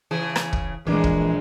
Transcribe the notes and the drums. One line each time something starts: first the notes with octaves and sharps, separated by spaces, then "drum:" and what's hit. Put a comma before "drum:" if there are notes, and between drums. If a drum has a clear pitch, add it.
C#3 E3 G#4
drum: rim click
drum: kick
A#1 E3 G#3 A#3 D4
drum: kick